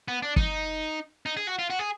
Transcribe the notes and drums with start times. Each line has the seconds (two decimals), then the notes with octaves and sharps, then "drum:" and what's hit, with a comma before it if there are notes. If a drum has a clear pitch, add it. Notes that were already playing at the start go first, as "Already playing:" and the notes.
0.08 B3
0.22 D4
0.36 D#4, drum: kick
1.26 D#4
1.37 G#4
1.47 F#4
1.59 F4
1.70 F#4
1.79 G#4